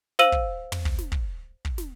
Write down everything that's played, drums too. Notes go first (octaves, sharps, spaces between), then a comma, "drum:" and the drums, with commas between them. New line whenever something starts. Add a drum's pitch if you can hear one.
C5 F5 E6 D#7 F#7, drum: snare
drum: kick
drum: tom
drum: kick
drum: snare
drum: kick
drum: kick
drum: snare